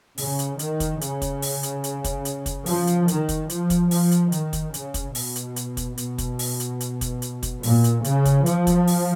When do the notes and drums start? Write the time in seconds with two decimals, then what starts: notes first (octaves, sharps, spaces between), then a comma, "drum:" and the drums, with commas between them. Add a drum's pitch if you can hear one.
0.18 C#3, drum: open hi-hat
0.39 drum: hi-hat
0.59 D#3, drum: hi-hat
0.80 drum: kick, hi-hat
1.01 C#3, drum: hi-hat
1.22 drum: kick, hi-hat
1.42 drum: open hi-hat
1.63 drum: hi-hat
1.84 drum: hi-hat
2.04 drum: kick, hi-hat
2.25 drum: hi-hat
2.46 drum: kick, hi-hat
2.66 F3, drum: open hi-hat
2.87 drum: hi-hat
3.08 D#3, drum: hi-hat
3.29 drum: kick, hi-hat
3.50 F3, drum: hi-hat
3.70 drum: kick, hi-hat
3.91 F3, drum: open hi-hat
4.11 drum: hi-hat
4.32 D#3, drum: hi-hat
4.53 drum: kick, hi-hat
4.74 C#3, drum: hi-hat
4.94 drum: kick, hi-hat
5.15 B2, drum: open hi-hat
5.36 drum: hi-hat
5.56 drum: hi-hat
5.77 drum: kick, hi-hat
5.98 B2, drum: hi-hat
6.18 drum: kick, hi-hat
6.39 drum: open hi-hat
6.60 drum: hi-hat
6.80 drum: hi-hat
7.01 drum: kick, hi-hat
7.22 drum: hi-hat
7.43 drum: kick, hi-hat
7.63 A#2, drum: open hi-hat
7.84 drum: hi-hat
8.04 C#3, drum: hi-hat
8.25 drum: kick, hi-hat
8.46 F3, drum: hi-hat
8.67 drum: kick, hi-hat
8.87 drum: open hi-hat